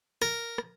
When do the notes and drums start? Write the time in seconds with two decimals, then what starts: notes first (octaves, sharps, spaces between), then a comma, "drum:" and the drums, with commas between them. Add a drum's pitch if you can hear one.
0.22 A#4, drum: rim click
0.58 drum: rim click